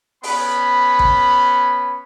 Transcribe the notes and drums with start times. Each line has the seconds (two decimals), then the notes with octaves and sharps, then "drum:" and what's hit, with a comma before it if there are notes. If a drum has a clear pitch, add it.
0.23 B3 C#4 B5, drum: open hi-hat
0.99 drum: kick